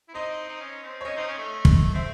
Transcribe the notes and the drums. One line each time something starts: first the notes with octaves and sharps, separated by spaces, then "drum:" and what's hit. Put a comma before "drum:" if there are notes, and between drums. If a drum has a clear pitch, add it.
E4
C4 D#4 D#5
D#4
C#4
C4
C#5
C#4 D#5
C4 D#4
C#4
A3
drum: kick
C4 E5